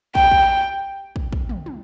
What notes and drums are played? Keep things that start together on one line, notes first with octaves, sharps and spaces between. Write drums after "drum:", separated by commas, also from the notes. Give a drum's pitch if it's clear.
G5, drum: kick
drum: kick
drum: kick
drum: kick
drum: tom
drum: tom